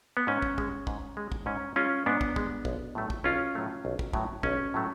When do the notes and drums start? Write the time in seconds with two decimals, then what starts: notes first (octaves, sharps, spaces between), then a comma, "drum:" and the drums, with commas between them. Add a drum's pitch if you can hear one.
0.17 B3
0.27 G#2 C#4
0.42 drum: kick
0.58 G#3, drum: kick
0.87 G#2, drum: kick
1.17 G#3
1.32 drum: kick
1.46 G#2 C#4
1.76 G#3 C#4 F4
2.06 G#2 B3 D4
2.21 drum: kick
2.36 G#3, drum: kick
2.65 B1, drum: kick
2.95 A2 F#3 A3
3.10 drum: kick
3.24 B1 C#4 F4
3.55 A2 F#3 A3
3.85 B1
3.99 drum: kick
4.13 A2 F#3 A3, drum: kick
4.43 B1 C#4, drum: kick
4.74 A2 F#3 A3